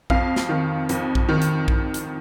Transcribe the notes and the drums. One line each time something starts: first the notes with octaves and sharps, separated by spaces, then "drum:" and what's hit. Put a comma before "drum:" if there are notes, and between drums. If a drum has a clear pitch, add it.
F2 F5, drum: kick A#1
drum: snare
D#3
F2, drum: hi-hat
drum: kick A#1
D#3
drum: hi-hat
drum: kick A#1
drum: hi-hat